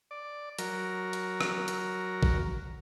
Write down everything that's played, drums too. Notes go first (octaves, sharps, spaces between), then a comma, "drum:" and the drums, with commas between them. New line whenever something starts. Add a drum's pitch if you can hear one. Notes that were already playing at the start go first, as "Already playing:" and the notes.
D5
F#3 A#4, drum: hi-hat
drum: hi-hat
drum: rim click
drum: hi-hat
drum: kick A#1